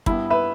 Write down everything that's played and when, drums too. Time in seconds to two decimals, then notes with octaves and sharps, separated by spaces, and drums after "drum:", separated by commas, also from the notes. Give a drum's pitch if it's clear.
0.06 G2 G3 B3 E4, drum: kick
0.30 B4 E5